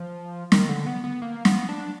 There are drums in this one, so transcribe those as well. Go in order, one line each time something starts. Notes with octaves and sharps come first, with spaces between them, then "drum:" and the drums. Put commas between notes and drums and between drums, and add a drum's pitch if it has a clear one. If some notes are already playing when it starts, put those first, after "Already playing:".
Already playing: F3
D#3, drum: snare
D3
B3
B3
A#3
B3, drum: snare
D4